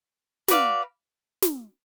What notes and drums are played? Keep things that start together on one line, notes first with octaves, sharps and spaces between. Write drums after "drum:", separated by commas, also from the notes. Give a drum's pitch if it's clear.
F#4 B4 D5 F5, drum: snare
drum: snare